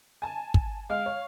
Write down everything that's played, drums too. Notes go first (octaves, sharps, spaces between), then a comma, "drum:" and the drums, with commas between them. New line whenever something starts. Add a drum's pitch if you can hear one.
G#5 A5
drum: kick
G#3 F5
C#5